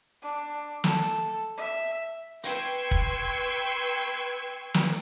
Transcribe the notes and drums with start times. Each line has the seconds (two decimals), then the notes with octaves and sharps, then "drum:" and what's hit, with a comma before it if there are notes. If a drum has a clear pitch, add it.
0.22 D4
0.84 A4, drum: snare
1.58 E5
2.43 B4 G5 C6 C#6 E6 G#6, drum: hi-hat
2.91 drum: kick
4.74 drum: snare